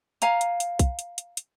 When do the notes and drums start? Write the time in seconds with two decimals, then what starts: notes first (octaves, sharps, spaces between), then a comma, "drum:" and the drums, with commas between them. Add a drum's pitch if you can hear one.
0.22 F5 G#5 A#5, drum: hi-hat
0.41 drum: hi-hat
0.60 drum: hi-hat
0.79 drum: kick B1, hi-hat
0.99 drum: hi-hat
1.18 drum: hi-hat
1.37 drum: hi-hat